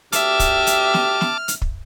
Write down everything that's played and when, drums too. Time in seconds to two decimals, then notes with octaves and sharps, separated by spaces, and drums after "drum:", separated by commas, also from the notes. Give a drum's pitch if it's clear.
0.12 D2 G4 E5 A5 D6 F6, drum: hi-hat
0.40 drum: kick, hi-hat
0.67 drum: hi-hat
0.94 drum: snare
1.21 drum: snare
1.48 drum: hi-hat
1.62 drum: kick